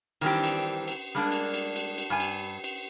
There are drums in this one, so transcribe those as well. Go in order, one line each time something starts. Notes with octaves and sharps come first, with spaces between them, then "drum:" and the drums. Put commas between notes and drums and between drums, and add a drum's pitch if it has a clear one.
D#3 E3 G3 C4 D4 G4, drum: cymbal
drum: cymbal
drum: cymbal
G3 G#3 A#3 D4
drum: cymbal
drum: cymbal
drum: cymbal
drum: cymbal
G2 G#5
drum: cymbal
drum: cymbal